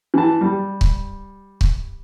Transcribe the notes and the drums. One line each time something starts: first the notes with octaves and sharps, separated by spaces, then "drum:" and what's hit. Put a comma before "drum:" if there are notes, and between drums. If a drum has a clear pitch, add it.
E3 A5
G3
drum: kick C#1
drum: kick C#1